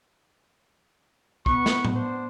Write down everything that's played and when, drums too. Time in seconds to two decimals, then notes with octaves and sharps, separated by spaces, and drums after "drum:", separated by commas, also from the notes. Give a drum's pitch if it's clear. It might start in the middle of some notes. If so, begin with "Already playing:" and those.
1.46 B3 B4 C#6, drum: kick
1.66 drum: snare
1.85 drum: tom A2
1.95 D4 C5